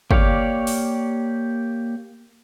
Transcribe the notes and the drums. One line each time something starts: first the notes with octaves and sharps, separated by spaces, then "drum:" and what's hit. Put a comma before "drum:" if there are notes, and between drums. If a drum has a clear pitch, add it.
A#3 G4 C#5 D5 F5, drum: kick
drum: open hi-hat